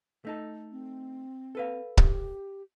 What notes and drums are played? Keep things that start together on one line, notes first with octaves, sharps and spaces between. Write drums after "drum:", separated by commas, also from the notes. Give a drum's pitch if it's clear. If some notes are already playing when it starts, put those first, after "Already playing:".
A3 D#4 A4
C4
A4 B4 F5
G4, drum: kick C#1